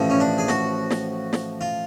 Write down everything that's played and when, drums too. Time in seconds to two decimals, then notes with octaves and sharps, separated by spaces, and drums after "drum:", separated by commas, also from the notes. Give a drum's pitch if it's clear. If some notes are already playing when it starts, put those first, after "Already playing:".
Already playing: A1 A2 F3
0.10 C#4
0.20 D4
0.38 G#4
0.48 F#4, drum: snare
0.90 drum: snare
1.33 drum: snare
1.61 F4